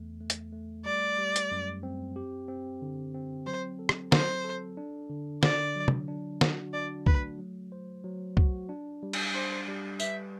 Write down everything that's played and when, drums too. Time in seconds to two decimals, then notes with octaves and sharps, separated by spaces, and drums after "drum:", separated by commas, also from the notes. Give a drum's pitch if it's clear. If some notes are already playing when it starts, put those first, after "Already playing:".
Already playing: E2 A3
0.21 A3
0.30 drum: hi-hat
0.52 A3
0.85 G3 D5
1.18 G3
1.36 drum: hi-hat
1.51 F#2
1.83 C4
2.16 G4
2.48 C4
2.82 D3
3.14 C4
3.46 F#3 C5
3.79 A4
3.89 drum: rim click
4.12 F#3 C5, drum: snare
4.44 A4
4.77 D4
5.10 D3
5.43 D3 D5, drum: snare
5.76 F#3
5.88 drum: tom
6.08 D4
6.41 F#4, drum: snare
6.73 D4 D5
7.06 A3 B4, drum: kick
7.38 F#3
7.72 C5
8.04 F#3
8.37 F#4, drum: kick
8.69 D4
9.03 G3
9.13 drum: cymbal
9.34 D4 C5
9.68 G3
10.00 B4 E5, drum: tambourine